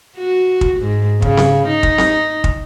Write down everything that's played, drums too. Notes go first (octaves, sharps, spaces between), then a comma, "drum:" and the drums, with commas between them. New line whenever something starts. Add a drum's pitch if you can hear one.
F#4
drum: kick
G#2
C#3, drum: kick
drum: snare C4
D#4
drum: kick
drum: snare C4
drum: kick